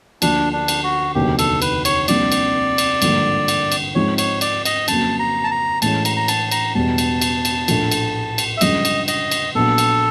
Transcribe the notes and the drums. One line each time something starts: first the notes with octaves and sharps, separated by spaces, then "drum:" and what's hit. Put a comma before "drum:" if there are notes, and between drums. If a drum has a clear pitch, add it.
D2 D3 F3 A#3 D4, drum: cymbal
D4
drum: cymbal
F#4
F1 D#2 D3 F#3 B3 G4
A4, drum: cymbal
B4, drum: cymbal
C#5, drum: cymbal
C2 C3 F3 A#3 D4 D5, drum: cymbal
drum: cymbal
drum: cymbal
G#1 G2 D3 F3 A#3, drum: cymbal
drum: cymbal
drum: cymbal
G#2 F3 G#3 C4 D#4 C#5
C#5, drum: cymbal
D5, drum: cymbal
D#5, drum: cymbal
F2 C#3 F#3 A#3 A5, drum: cymbal
A#5
A5
A#5
A2 E3 G#3 C#4 A5, drum: cymbal
A#5, drum: cymbal
A#5
A5, drum: cymbal
A#5, drum: cymbal
E1 E2 B2 G3 A5
drum: cymbal
drum: cymbal
drum: cymbal
A#1 A2 F3 A3, drum: cymbal
drum: cymbal
drum: cymbal
E5
G1 F#2 C#3 F3 G#3 D#5, drum: cymbal
drum: cymbal
D#5, drum: cymbal
drum: cymbal
A#1 A#2 F#3 B3 A4
drum: cymbal